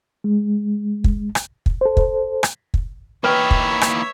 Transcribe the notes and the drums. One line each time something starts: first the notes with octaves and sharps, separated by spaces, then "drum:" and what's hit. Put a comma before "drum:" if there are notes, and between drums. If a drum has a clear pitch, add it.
G#3
drum: kick
drum: rim click
drum: kick
A4 C5
drum: kick
drum: rim click
drum: kick
E3 A#3 D#4 B4 C#5 E5 G5
drum: kick
drum: rim click